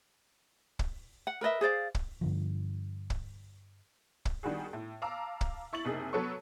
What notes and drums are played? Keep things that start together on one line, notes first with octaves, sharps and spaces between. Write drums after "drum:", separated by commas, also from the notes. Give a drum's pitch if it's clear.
drum: kick
F#5
A#4 B4 D#5 E5
G#4 C5 D5 F5
drum: kick
G2 D3 F3
drum: kick
drum: kick
D#3 G3 D4 F#4 G#4
A2
F5 A5 A#5 D6 E6
drum: kick
E4 C#6 A6 F#7
F#1 C3 D#4 G#4 A#4
F#3 B3 A4 B4 C#5 C#6